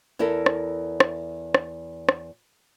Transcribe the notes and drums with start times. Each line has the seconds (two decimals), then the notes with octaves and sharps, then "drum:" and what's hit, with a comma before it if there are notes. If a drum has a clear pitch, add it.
0.19 E2 E4 A4 A#4
0.46 drum: rim click
1.00 drum: rim click
1.54 drum: rim click
2.09 drum: rim click